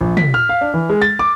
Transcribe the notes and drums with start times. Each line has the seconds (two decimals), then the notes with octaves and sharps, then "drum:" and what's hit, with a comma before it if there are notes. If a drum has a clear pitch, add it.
0.01 A#1
0.17 B6, drum: tom
0.34 F6
0.49 F5
0.61 D4
0.74 E3
0.90 G#3
1.02 A6
1.19 D6